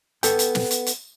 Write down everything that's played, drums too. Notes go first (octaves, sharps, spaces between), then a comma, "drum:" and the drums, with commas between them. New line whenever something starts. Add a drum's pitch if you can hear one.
B3 A4 G5, drum: hi-hat
drum: hi-hat
drum: snare
drum: hi-hat
drum: hi-hat